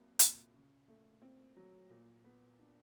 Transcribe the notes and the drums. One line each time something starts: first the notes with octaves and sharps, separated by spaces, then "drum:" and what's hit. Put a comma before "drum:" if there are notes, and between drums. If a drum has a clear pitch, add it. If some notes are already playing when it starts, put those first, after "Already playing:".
Already playing: C2 F#3 A#3
A#2, drum: hi-hat
C#3
A3
C4
F#3
A#2
B3
D4